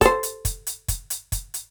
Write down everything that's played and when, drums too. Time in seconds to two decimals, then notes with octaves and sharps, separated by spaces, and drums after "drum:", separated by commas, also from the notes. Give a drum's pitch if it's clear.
0.01 A4 C5, drum: kick, hi-hat
0.23 drum: hi-hat
0.45 drum: kick, hi-hat
0.67 drum: hi-hat
0.88 drum: kick, hi-hat
1.10 drum: hi-hat
1.32 drum: kick, hi-hat
1.54 drum: hi-hat